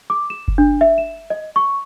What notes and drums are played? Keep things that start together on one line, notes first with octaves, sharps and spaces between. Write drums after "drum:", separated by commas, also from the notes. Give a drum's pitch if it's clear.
D6
E7
drum: kick F#1
D4
E5
E7
D#5
C#6